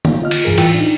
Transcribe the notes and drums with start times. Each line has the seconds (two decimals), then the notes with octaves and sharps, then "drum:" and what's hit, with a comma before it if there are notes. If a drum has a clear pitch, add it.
0.05 drum: tom D3
0.22 F4 D#5 F6
0.31 drum: cymbal
0.45 C2 G2 E3 G#4 A#4
0.58 A2 E3 F4 G5 E6, drum: cymbal
0.74 D4 D#4